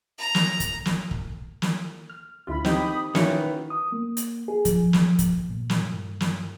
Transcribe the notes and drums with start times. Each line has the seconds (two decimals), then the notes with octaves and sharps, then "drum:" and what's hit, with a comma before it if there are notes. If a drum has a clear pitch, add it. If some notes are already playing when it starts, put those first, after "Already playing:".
0.18 A#5
0.35 drum: snare
0.60 drum: kick, hi-hat
0.85 drum: snare
1.11 drum: kick
1.62 drum: snare
2.10 F6
2.47 D2 E4 F4 B5
2.65 C4 D#4 G4 G5 B5 D#6 G6, drum: snare
3.15 D#3 E3 C#4 F#4 B4, drum: snare
3.70 D#6
3.92 A#3
4.17 drum: hi-hat
4.48 G#4
4.65 F3, drum: kick, hi-hat
4.93 drum: snare
5.19 drum: kick, hi-hat
5.51 A#2
5.70 drum: snare
5.81 G2
6.20 drum: snare